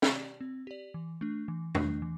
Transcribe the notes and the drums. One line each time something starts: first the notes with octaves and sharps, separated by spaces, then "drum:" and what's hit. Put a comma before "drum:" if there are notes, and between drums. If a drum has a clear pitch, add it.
drum: snare
G4 D5
C4
G4 D5
E3
A3 D4
E3
A3 D4, drum: tom E2
E3